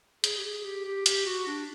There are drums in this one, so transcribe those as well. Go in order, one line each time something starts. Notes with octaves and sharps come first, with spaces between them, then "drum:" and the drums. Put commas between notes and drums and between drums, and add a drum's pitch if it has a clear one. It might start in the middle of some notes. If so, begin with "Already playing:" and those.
G#4, drum: hi-hat
G4
G#4
G4
G4
G4, drum: hi-hat
F#4
D4